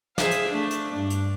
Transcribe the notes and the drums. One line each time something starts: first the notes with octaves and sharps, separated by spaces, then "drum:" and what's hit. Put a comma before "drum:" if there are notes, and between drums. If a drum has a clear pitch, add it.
G#4 C5 E5 F5, drum: snare
drum: hi-hat
A3 D4
drum: hi-hat
G2 D4
drum: hi-hat